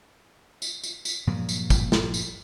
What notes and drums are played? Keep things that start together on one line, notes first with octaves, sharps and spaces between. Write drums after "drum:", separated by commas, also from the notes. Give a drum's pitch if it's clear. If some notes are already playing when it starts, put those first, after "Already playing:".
drum: tambourine
drum: tambourine
drum: tambourine
G2 A#2 F3 F#3
drum: tambourine
drum: kick, tambourine
drum: snare
drum: tambourine